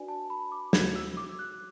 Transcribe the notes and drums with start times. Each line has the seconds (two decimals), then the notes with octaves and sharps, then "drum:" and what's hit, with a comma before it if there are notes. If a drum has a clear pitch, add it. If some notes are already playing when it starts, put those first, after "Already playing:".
Already playing: D4 F#4 B4 D5 G#5
0.08 A5
0.30 B5
0.52 D6
0.73 F#4 A4 C#5 G#6, drum: snare
0.96 E6
1.17 D6
1.39 F#6